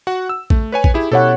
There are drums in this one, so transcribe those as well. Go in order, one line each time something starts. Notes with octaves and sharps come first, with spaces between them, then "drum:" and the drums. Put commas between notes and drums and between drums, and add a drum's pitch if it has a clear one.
F#4 F#5
E6
A3, drum: kick A#1
B4 C#5 G#5
drum: kick A#1
E4 G4 G#4
B2 E4 G4 A4 C#5 F#5